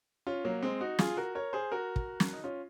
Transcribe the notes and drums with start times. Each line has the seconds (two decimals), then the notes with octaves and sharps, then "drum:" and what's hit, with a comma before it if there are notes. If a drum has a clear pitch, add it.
0.27 C#4 F4
0.45 F#3 A#3
0.63 G#3 C4
0.81 D#4 F#4
0.99 F4 G#4, drum: snare
1.17 F#4 A#4
1.35 A#4 C#5
1.53 G#4 C5
1.72 F#4 A#4
1.96 drum: kick
2.20 drum: snare
2.33 D#4
2.44 C#4 F4